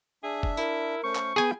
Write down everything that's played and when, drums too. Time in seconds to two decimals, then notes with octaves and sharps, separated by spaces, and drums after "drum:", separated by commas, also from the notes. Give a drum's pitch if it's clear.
0.23 D4 G#4 E5
0.43 drum: kick F#1
0.57 E4 A#4, drum: tambourine
1.04 A3 C#4 C5 C#6
1.16 drum: clap
1.36 B3 G#4 G5 G#5 B5 G6